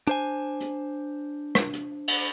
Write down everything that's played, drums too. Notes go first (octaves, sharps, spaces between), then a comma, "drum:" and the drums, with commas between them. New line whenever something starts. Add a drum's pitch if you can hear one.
D4 C5 G#5
drum: hi-hat
drum: rim click
drum: hi-hat
drum: cymbal